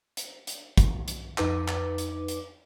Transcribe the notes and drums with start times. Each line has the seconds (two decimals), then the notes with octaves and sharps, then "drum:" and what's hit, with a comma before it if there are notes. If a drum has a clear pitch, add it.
0.17 drum: hi-hat
0.47 drum: hi-hat
0.78 drum: kick, hi-hat
1.08 drum: hi-hat
1.38 F2 D#4 B4 D6, drum: clap
1.68 drum: clap
1.98 drum: hi-hat
2.28 drum: hi-hat